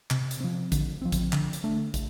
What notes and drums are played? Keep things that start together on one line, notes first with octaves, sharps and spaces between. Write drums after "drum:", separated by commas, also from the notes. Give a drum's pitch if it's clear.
C3, drum: clap
drum: hi-hat
F3 C4
D3, drum: kick, hi-hat
F3 C4
drum: kick, hi-hat
D3, drum: clap
drum: hi-hat
A3 D4
drum: kick, hi-hat